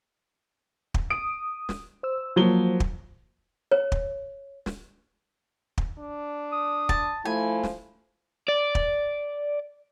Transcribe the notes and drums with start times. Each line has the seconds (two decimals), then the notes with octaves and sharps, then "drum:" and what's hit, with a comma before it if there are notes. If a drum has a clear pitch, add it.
0.94 drum: kick
1.10 D#6 D7
1.69 drum: snare
2.03 C5 E6
2.36 F3 F#3 A#3 C5 G7
2.80 drum: kick
3.72 C#5
3.92 drum: kick
4.66 drum: snare
5.78 drum: kick
5.99 D4
6.52 D#6
6.89 A5, drum: kick
7.25 F3 A3 E4 G#5
7.63 drum: snare
8.48 D5
8.75 drum: kick